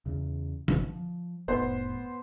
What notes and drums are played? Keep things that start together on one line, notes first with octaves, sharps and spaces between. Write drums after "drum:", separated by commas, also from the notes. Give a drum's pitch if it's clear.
E2 C#3
G1 F2 B2, drum: tom
F3
F1 A2 B3 C5 C6